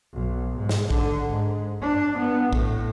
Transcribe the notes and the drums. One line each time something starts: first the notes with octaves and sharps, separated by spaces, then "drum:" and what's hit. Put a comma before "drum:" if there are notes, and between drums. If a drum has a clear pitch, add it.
B1
G#2
drum: snare
D3, drum: kick
G#2
D4
B3
A2, drum: kick